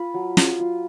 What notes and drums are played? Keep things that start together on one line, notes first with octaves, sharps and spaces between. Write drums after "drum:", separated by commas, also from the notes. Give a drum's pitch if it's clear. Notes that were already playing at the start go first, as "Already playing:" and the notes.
Already playing: F4 B5
F#3
F4, drum: snare
F4